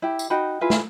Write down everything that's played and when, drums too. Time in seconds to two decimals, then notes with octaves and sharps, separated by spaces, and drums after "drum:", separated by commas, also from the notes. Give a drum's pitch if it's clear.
0.02 E4 G4
0.19 drum: tambourine
0.30 D#4 F#4 G5 B5
0.61 E4 F4 G#4 B4
0.70 drum: snare